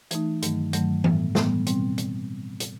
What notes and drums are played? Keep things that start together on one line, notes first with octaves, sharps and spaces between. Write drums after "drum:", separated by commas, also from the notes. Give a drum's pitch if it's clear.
E3 A3 D#4, drum: hi-hat
G2 D#3 F#3 A3, drum: hi-hat
G2 D#3 F#3 A3, drum: hi-hat
A2 E3 G3 B3, drum: tom E3
A2 E3 G3 B3, drum: snare
B2 G3 C4, drum: hi-hat
drum: hi-hat
drum: hi-hat